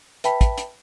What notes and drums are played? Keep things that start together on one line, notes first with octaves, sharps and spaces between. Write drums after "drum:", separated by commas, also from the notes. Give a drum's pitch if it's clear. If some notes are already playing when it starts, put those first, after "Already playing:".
B4 E5 G5 A5 B5 B6, drum: hi-hat
drum: kick, hi-hat
drum: hi-hat